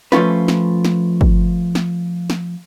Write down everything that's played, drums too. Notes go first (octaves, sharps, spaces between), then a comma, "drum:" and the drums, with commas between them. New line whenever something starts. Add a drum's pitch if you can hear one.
F3 A3 C#4 F4 B4, drum: snare
drum: snare
drum: snare
drum: kick
drum: snare
drum: snare